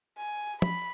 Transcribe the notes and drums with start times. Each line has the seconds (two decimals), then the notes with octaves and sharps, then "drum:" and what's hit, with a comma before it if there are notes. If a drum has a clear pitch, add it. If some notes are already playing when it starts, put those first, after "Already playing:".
0.18 G#5
0.62 B5, drum: tom